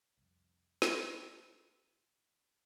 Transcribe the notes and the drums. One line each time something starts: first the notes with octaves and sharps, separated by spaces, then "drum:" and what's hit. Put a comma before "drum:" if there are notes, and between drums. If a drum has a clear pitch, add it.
C2 F2
drum: snare